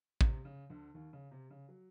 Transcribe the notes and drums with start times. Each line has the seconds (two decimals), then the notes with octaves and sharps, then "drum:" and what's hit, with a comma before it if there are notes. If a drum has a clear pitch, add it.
0.21 C3, drum: kick
0.45 C#3
0.70 D2 D3
0.94 D#2 D#3
1.13 C#3
1.32 C3
1.50 C#3
1.69 F#3